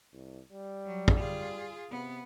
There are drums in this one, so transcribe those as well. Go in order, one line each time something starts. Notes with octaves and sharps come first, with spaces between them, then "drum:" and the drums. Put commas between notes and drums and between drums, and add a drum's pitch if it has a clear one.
C2
G3
F#3
drum: kick
F4 G#4
C3 B3